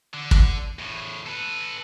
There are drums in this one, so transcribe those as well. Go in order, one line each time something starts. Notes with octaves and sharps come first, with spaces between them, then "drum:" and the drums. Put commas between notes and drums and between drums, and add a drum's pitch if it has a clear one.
D3
drum: kick
E2 A2
A4 B4